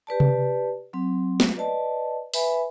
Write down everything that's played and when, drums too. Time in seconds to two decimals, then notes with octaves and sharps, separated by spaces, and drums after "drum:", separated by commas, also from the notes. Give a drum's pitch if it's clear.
0.07 G4 B4 D5 A5
0.20 drum: tom C3
0.93 F#3 C4
1.40 drum: snare
1.56 B4 D5 D#5 A5
2.34 B4 E5 G#5 B5, drum: open hi-hat